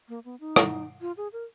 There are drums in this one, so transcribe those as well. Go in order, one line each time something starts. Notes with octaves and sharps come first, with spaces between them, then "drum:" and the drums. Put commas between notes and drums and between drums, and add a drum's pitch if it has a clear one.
A#3
B3
D#4
drum: rim click
F4
G#4
A#4